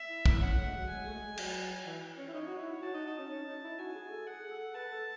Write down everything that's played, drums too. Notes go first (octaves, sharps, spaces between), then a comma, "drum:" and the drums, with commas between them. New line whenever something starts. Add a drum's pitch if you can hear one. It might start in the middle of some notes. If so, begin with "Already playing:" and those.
Already playing: E5
E4
E4, drum: kick
C#4 F#5
A3
G#3
F#3
G#3 G#5
A3
G#3
G#3
F#3, drum: cymbal
E3
C#4
E4
D#4 C#5
F#4
E4
F#4 A5
D#4
D#4
C#4
C#4
D#4
E4
F#4 G#5
G#4
A4
G#4 F#5
A4
B4 A5
A4